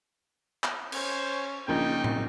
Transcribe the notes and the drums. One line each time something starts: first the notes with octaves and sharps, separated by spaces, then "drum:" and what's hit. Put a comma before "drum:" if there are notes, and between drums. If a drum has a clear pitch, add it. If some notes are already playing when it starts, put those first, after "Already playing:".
drum: clap
C#4 C5, drum: cymbal
A#1 A#2 C#3 D#4 G5
drum: tom